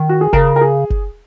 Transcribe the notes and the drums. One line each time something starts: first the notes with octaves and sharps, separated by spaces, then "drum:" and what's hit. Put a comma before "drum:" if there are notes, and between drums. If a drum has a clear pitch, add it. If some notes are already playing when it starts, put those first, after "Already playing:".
Already playing: D#3
F#4
G#4
C#3 A#4, drum: kick F#1
A#4
G#4
drum: kick F#1